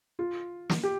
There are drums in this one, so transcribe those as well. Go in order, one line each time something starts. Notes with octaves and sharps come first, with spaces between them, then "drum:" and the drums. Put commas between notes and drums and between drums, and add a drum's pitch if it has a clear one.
F4
drum: snare
G4